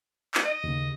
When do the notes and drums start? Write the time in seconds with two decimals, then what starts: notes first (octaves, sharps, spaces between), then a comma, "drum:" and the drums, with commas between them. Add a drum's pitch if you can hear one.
0.34 drum: clap
0.45 D#5
0.64 D#2 C#3